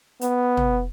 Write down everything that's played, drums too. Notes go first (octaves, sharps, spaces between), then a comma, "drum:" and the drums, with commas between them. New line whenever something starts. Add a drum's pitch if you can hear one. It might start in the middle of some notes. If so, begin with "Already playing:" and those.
B3, drum: hi-hat
drum: tom